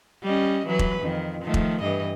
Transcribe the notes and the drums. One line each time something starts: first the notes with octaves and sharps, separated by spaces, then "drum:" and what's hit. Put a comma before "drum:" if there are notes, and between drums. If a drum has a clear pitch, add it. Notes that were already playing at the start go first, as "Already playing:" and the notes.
G3 C#4 D#5
E3 F#3 B4
drum: kick E1
F2 D#3
D#3 F3 A3
drum: kick E1
G2 E3 D#5